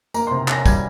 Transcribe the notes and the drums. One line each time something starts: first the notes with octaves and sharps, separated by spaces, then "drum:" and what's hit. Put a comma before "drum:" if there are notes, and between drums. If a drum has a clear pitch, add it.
A#3 A#5, drum: tambourine
C3 C6
C#4 A#6, drum: clap
G3 G#6, drum: kick, tambourine